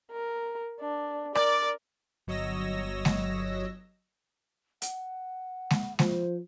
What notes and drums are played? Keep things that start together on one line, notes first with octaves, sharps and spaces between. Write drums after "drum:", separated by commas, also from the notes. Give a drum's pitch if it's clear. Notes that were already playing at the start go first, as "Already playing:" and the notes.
A#4
D4
A#4 D5, drum: rim click
G1 F#3 C#5 D#5 E6 A#6
drum: snare G#3
F#5, drum: hi-hat
drum: snare G#3
F3 C5, drum: snare G#3